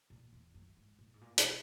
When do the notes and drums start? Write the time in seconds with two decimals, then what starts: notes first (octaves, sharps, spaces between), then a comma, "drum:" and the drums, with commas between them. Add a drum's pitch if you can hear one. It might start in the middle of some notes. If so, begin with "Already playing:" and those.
0.10 A#2
0.33 E2
0.54 F#2
0.77 G#2
0.99 A#2
1.14 G#2
1.21 A#2
1.38 B2, drum: hi-hat